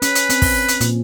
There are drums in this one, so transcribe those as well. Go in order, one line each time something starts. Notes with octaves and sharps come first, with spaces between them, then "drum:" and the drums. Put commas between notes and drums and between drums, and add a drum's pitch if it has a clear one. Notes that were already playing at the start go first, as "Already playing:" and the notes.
C#4 B4, drum: hi-hat
drum: hi-hat
C4, drum: hi-hat
drum: kick, open hi-hat
drum: hi-hat
A#2, drum: hi-hat